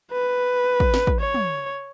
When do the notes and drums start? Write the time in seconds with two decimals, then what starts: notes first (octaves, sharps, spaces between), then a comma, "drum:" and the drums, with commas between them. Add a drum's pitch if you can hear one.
0.12 B4
0.80 drum: kick
0.94 drum: snare
1.07 drum: kick
1.21 C#5
1.34 drum: tom